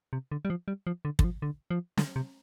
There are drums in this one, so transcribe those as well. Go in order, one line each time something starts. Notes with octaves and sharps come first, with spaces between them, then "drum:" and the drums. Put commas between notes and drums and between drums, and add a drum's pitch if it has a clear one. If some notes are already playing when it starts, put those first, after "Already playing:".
C3
D3
G3
F3
G3
F3
D3
D3, drum: kick
F3
D3
F3
D3, drum: snare
C3